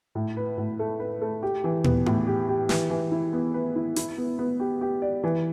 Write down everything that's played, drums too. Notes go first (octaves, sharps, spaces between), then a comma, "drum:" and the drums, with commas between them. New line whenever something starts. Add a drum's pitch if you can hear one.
A2
B4
A2
A3
B4
A3
G4
E3
B3, drum: tom
A2, drum: tom E4
G4
G4
E3, drum: snare
E3
E4
B3
B4
E4
E4, drum: hi-hat
B3
B3
G4
G4
D5
E3